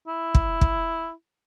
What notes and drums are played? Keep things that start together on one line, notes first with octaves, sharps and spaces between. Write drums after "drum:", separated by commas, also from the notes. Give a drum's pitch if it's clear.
E4
drum: kick
drum: kick